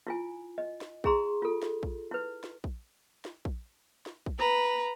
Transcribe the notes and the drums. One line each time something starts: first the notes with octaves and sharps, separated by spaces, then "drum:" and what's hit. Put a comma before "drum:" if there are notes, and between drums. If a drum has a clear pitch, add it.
E4 F4 G#5
D#5
drum: snare
E4 G#4 A#5 C6, drum: kick A#1
F4 A4
drum: snare
drum: kick A#1
E4 B4
drum: snare
drum: kick A#1
drum: snare
drum: kick A#1
drum: snare
drum: kick A#1
B4 A#5